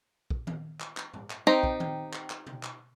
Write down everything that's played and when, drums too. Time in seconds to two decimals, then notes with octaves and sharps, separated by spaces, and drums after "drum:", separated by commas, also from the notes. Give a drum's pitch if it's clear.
0.30 drum: kick
0.47 drum: tom D#3
0.80 drum: clap
0.97 drum: clap
1.14 drum: tom
1.30 drum: clap
1.47 C4 D#4 G4 A#5
1.63 drum: kick
1.80 drum: tom D#3
2.13 drum: clap
2.30 drum: clap
2.47 drum: tom B2
2.63 drum: clap